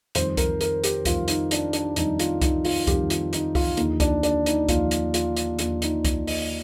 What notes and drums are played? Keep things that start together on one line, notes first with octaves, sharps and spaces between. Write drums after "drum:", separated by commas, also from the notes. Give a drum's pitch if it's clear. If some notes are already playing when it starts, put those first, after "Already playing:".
F2 D#3 G3 C5, drum: hi-hat
A#4, drum: kick C2, hi-hat
A#4, drum: hi-hat
G4, drum: hi-hat
F2 D#3 G3 F4, drum: kick C2, hi-hat
D#4, drum: hi-hat
D4, drum: hi-hat
D4, drum: hi-hat
F2 D#3 G3 D#4, drum: hi-hat
F4, drum: hi-hat
D#4, drum: kick C2, hi-hat
F4, drum: open hi-hat
F2 D#3 G3 G4, drum: kick C2, hi-hat
F4, drum: hi-hat
D#4, drum: hi-hat
F4, drum: kick C2, open hi-hat
D#2 D3 F3 D#4, drum: hi-hat
D4, drum: kick C2, hi-hat
D4, drum: hi-hat
D#4, drum: hi-hat
D#2 D3 F3 F4, drum: kick C2, hi-hat
drum: hi-hat
F4, drum: hi-hat
drum: hi-hat
D#2 D3 F3 F4, drum: hi-hat
D#4, drum: hi-hat
drum: kick C2, hi-hat
D#5, drum: open hi-hat